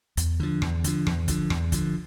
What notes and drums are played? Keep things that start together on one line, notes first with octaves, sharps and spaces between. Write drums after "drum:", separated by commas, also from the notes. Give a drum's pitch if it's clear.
E2, drum: hi-hat
D3 F3
E2, drum: rim click
D3 F3, drum: hi-hat
E2, drum: rim click
D3 F3, drum: kick, hi-hat
E2, drum: rim click
D3 F3, drum: kick, hi-hat